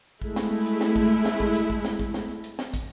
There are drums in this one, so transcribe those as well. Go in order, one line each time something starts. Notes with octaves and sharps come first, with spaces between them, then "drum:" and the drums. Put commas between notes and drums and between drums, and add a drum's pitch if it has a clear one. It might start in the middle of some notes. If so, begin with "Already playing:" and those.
G#3 A3 E4, drum: kick
drum: snare
drum: hi-hat
drum: snare
drum: kick
drum: snare
drum: kick
drum: hi-hat
drum: kick
drum: snare
drum: kick
drum: snare
drum: hi-hat
drum: snare
drum: kick, hi-hat